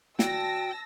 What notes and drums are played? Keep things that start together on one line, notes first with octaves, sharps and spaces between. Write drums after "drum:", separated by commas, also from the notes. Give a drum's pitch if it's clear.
F#4 D5 G5 A5 E6 A#6, drum: snare